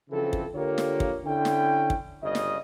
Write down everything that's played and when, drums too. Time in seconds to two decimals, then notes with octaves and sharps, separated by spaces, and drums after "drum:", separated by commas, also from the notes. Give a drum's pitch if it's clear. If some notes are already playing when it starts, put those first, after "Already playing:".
0.10 C#3 E3 F3 C4 A4
0.33 drum: kick
0.54 D3 A#3 F4 G4 A#4 C#5
0.78 drum: snare
1.00 drum: kick
1.25 D3 C#4 E4 G5
1.45 drum: snare
1.90 drum: kick
2.22 G1 C#3 D5 D#5
2.35 drum: snare